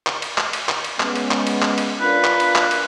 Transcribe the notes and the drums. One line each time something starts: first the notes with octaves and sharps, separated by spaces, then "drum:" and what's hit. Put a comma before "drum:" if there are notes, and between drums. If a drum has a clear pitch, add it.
drum: clap
drum: cymbal
drum: clap
drum: cymbal
drum: clap
drum: cymbal
G#3 B3 C#4, drum: clap
drum: cymbal
drum: clap
drum: cymbal
drum: clap
drum: cymbal
D4 F4 A#4 B4
drum: clap
drum: cymbal
drum: clap
drum: cymbal